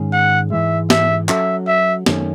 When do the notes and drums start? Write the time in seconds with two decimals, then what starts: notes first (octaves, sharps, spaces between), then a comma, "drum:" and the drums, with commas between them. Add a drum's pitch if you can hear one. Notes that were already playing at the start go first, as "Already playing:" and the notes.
Already playing: G#2 D#3 G#3 C#4 G#4
0.13 F#5
0.51 G#2 E3 G#3 E5
0.90 E5, drum: snare
1.29 F#3 C#4 F#4 A4 E5, drum: clap
1.68 E5
2.06 F#2 D#3 A3 C#4, drum: snare